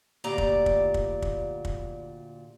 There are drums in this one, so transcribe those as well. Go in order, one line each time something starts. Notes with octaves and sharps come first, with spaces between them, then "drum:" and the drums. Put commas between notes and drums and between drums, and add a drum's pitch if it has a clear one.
D2 A#2 G4 D5 A#5
drum: kick
drum: kick
drum: kick
drum: kick
drum: kick